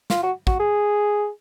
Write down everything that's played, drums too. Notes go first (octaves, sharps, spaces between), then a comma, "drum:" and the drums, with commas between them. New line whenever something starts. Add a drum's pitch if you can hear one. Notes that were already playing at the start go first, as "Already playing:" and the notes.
F4, drum: snare
F#4
F#4, drum: kick
G#4